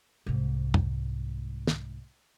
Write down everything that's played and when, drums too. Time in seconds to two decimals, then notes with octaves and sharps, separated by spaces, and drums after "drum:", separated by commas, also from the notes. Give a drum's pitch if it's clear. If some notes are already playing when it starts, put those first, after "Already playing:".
0.26 C2 G#2
0.74 drum: tom
1.67 drum: snare